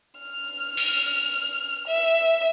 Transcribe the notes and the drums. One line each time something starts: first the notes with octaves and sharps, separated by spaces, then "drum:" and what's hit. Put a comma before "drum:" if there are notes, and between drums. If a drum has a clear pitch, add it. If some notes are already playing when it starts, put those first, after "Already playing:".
F6
drum: cymbal
E5